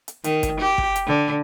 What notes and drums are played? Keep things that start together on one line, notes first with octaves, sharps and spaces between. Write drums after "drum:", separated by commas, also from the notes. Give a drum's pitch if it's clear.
drum: hi-hat
D#3, drum: hi-hat
drum: kick, hi-hat
G4
drum: kick
drum: hi-hat
D3